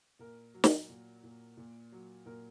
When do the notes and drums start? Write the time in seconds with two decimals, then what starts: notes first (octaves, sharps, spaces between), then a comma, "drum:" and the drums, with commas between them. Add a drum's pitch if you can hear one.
0.19 A#2 A#4
0.54 F#3
0.64 drum: snare
0.89 A#2
1.23 A#2
1.57 A#2
1.92 F#3
2.26 A#2 A#4